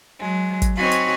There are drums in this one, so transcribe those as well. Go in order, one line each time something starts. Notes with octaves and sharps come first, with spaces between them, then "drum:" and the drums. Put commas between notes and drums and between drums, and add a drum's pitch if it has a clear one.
F#3 G#3
drum: kick, hi-hat
C4 D#4 F#4 C#5 G#5 B5
drum: hi-hat